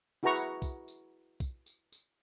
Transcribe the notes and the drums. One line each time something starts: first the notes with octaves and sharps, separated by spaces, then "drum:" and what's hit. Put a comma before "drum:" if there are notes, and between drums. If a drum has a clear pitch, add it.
E4 F#4 G#4 B4 A#5 C#6
drum: tambourine
drum: kick, tambourine
drum: tambourine
drum: kick, tambourine
drum: tambourine
drum: tambourine